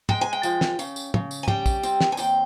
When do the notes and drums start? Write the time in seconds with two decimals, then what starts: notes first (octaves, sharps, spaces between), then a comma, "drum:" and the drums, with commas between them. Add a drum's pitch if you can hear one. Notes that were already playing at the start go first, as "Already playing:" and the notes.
0.09 G#3 G5, drum: tom
0.21 G#5
0.33 G5
0.43 F3, drum: tambourine
0.61 drum: snare
0.79 C#3, drum: tambourine
0.96 drum: tambourine
1.14 C#3, drum: tom
1.31 drum: tambourine
1.43 G#5
1.48 G3 G5, drum: tom
1.66 drum: kick, tambourine
1.83 C4, drum: tambourine
2.01 drum: snare
2.12 G#5
2.17 D#2 G5, drum: tambourine